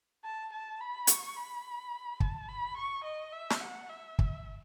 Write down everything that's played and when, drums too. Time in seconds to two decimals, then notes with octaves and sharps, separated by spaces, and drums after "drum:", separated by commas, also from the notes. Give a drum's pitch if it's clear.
0.24 A5
0.52 A5
0.80 B5
1.07 C#6, drum: hi-hat
1.36 B5
2.20 A5, drum: kick
2.48 B5
2.77 C#6
3.04 D#5
3.32 E5
3.50 drum: snare
3.60 F#5
3.89 E5
4.19 drum: kick